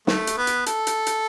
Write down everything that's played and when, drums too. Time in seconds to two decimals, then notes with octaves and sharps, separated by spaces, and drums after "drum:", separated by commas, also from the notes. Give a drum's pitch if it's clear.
0.07 A3, drum: snare
0.27 drum: hi-hat
0.37 B3
0.47 drum: hi-hat
0.66 A4, drum: hi-hat
0.87 drum: hi-hat
1.06 drum: hi-hat